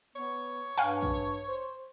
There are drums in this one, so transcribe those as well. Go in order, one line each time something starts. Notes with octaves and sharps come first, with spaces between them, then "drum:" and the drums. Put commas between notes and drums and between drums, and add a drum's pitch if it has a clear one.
B3 C#5
G2 F5 F#5 G#5
drum: kick
C5